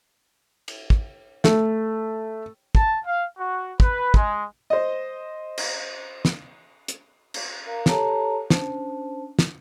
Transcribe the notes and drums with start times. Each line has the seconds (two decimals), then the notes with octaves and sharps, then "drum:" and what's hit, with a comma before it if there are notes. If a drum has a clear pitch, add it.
0.68 drum: cymbal
0.90 drum: kick
1.44 A3, drum: snare
2.75 A5, drum: kick
3.04 F5
3.36 F#4
3.80 B4, drum: kick
4.14 G#3, drum: kick
4.70 C5 D#5
5.58 drum: cymbal
6.25 drum: snare
6.88 drum: hi-hat
7.34 drum: cymbal
7.66 A#4 F5 A#5
7.86 G4 A4 C#5 A5 A#5, drum: snare
8.50 C#4 D4 C5 A5, drum: snare
9.39 drum: snare